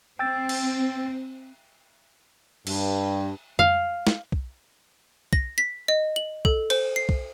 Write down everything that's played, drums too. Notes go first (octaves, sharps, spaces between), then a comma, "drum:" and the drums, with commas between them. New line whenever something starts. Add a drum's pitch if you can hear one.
C4 G5 E6 A6
drum: cymbal
G2, drum: cymbal
F5, drum: tom F2
drum: snare
drum: kick
A#6, drum: kick
B6
D#5
F#7
A4, drum: kick
C5, drum: cymbal
C7
drum: kick